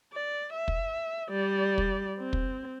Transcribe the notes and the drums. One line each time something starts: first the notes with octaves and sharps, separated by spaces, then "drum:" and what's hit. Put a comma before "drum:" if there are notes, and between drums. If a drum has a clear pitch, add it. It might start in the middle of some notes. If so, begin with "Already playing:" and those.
D5
E5
drum: kick
G3 D5
drum: kick
C4
drum: kick